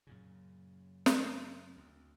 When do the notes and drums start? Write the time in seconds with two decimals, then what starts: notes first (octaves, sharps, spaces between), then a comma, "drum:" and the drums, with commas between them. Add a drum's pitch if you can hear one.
0.07 F#2 A#2 C#3
1.06 drum: snare
1.77 D2